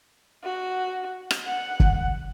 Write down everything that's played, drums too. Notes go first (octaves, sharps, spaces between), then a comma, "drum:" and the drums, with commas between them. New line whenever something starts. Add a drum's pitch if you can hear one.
F#4
drum: rim click
F#5
drum: kick